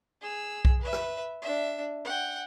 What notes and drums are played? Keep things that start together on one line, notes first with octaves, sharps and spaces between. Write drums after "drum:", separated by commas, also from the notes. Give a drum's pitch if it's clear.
G#4 E6
drum: kick B1
B4 E5
drum: rim click
D4 E5
F#5 G5